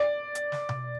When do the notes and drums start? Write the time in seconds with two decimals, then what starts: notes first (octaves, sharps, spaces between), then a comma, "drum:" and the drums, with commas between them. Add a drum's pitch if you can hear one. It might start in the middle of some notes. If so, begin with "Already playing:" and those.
Already playing: D5
0.35 drum: hi-hat
0.52 drum: snare
0.69 drum: tom B2